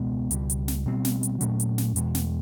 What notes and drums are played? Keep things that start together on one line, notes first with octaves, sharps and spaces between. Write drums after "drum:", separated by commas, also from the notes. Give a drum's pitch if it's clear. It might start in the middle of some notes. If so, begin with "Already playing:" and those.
Already playing: C#2 B2 G#3 B3
C#2 B2 G3, drum: hi-hat
drum: hi-hat
drum: snare
B2 G3 C4
drum: snare
drum: hi-hat
A#2 F#3 A3 C#4, drum: hi-hat
drum: hi-hat
drum: snare
E2 B2 G#3, drum: hi-hat
drum: snare